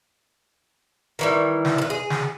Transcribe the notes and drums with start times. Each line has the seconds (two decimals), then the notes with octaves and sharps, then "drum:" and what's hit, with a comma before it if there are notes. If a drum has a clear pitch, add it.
1.19 D#3 E3 G3
1.65 drum: snare
1.78 A#4 B4
1.90 G#4
2.10 drum: snare